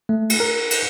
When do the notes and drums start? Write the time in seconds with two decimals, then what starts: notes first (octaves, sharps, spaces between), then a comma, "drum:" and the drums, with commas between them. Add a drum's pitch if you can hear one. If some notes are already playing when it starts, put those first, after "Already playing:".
0.09 A3
0.30 drum: cymbal
0.40 A#4
0.71 drum: cymbal